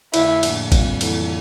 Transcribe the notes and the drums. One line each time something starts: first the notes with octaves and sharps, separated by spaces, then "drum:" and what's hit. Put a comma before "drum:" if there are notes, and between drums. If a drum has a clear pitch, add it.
F2 D3 A3 E4, drum: cymbal
A2 F3 A#3 D4, drum: cymbal
F2 D3 G3 C4 F4, drum: kick, cymbal
F2 E3 A#3 E4 A4, drum: cymbal